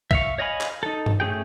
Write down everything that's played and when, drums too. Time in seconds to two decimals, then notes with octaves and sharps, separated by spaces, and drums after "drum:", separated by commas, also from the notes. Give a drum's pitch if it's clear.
0.11 E5 F5 C#6, drum: kick C2
0.38 C#5 D#5 F5 G#5 B5
0.61 drum: clap
0.83 D#4 A4
1.06 drum: tom G2
1.20 A3 C#4 G#4 G5